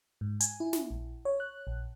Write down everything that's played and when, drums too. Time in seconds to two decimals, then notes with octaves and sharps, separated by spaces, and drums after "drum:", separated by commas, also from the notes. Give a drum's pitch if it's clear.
0.21 G#2
0.40 G#5, drum: hi-hat
0.60 E4
0.73 drum: snare
0.91 A#1
1.25 C#5
1.40 F#6
1.67 A#1